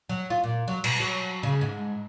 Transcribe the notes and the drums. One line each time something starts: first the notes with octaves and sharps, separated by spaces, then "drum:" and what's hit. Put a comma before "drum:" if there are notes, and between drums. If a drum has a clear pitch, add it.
F#3
F4
A#2
F#3
B2, drum: cymbal
F#3
C#3
G#2